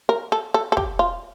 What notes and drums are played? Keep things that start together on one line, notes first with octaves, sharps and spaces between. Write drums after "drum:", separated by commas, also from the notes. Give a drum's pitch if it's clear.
A#4
A4
A4
A4
G4, drum: kick
F4